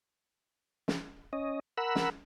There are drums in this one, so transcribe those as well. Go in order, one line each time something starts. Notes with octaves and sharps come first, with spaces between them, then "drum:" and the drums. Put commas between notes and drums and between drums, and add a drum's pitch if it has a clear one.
drum: snare
C#4 D#5
A#4 F#5 B5 E6
drum: snare